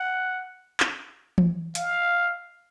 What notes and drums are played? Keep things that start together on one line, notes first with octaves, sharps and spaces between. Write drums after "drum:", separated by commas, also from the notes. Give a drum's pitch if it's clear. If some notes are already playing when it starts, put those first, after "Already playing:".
Already playing: F#5
drum: clap
drum: tom E3
F5, drum: hi-hat